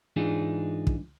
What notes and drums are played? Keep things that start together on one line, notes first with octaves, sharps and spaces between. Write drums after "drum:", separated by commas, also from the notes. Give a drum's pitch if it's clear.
G#2 E3 D4 D#4 F4 G#4
drum: kick